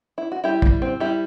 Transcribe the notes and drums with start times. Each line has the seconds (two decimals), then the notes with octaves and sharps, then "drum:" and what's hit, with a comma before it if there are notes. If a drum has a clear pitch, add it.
0.18 E4
0.32 F#4
0.44 G3 E4 G4
0.62 G3, drum: kick
0.82 C4
1.00 G3 E4 G4